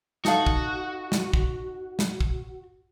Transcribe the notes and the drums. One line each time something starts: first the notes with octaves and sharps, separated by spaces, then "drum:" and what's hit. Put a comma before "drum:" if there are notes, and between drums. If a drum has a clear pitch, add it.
D#4 F#4 A4 F5, drum: snare
drum: kick
drum: snare
drum: kick
drum: snare
drum: kick